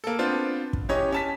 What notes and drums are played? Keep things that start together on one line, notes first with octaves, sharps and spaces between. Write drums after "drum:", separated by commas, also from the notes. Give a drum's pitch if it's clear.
A#3 A4
B3 C4 D4 F4 C5
drum: kick
E3 C#4 G4 C#5 D#5
C#4 A5 B6